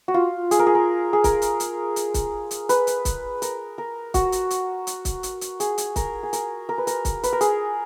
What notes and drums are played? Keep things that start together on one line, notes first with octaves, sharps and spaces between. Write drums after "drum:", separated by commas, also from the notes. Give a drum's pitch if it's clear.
F#4
F4
G#4, drum: hi-hat
A#4
G#4
A#4
G#4
A#4, drum: kick, hi-hat
drum: hi-hat
drum: hi-hat
drum: hi-hat
drum: kick, hi-hat
drum: hi-hat
B4, drum: hi-hat
drum: hi-hat
drum: kick, hi-hat
A#4, drum: hi-hat
A#4
F#4, drum: kick, hi-hat
drum: hi-hat
drum: hi-hat
drum: hi-hat
drum: kick, hi-hat
drum: hi-hat
drum: hi-hat
G#4, drum: hi-hat
drum: hi-hat
A#4, drum: kick, hi-hat
G#4
A#4, drum: hi-hat
A#4
B4
A#4, drum: hi-hat
drum: kick, hi-hat
B4, drum: hi-hat
A#4
G#4, drum: hi-hat